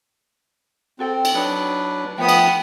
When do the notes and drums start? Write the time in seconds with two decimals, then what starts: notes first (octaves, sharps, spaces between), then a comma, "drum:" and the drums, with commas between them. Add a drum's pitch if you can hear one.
0.99 C4 F#4 A4 G5
1.25 drum: cymbal
1.34 F#3 D4 D#4 B4
2.18 F3 A3 B3 G5 D#6
2.29 drum: cymbal